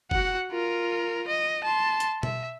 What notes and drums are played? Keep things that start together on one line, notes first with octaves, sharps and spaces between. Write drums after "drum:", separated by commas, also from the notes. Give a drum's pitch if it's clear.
F#4 F#5, drum: kick F1
F4 A#4
D#5
A5 C6
drum: hi-hat
E5, drum: tom B2